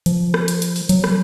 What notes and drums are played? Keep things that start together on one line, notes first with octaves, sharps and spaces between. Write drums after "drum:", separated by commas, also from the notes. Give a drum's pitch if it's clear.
F3, drum: hi-hat
drum: rim click
drum: hi-hat
drum: hi-hat
drum: open hi-hat
F#3, drum: hi-hat
drum: rim click